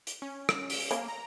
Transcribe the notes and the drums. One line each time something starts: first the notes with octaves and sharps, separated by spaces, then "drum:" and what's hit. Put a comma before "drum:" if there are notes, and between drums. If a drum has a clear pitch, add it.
drum: hi-hat
C#4
drum: rim click
drum: open hi-hat
A#3 C#5 F5, drum: hi-hat
A#5